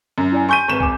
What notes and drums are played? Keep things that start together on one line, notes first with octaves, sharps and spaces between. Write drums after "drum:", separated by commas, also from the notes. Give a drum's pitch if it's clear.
F#2
E4 D5 G#5
G#5 C6 C#6 G6 D#7
G#1 B4 C#6 E7
G#5 D6, drum: kick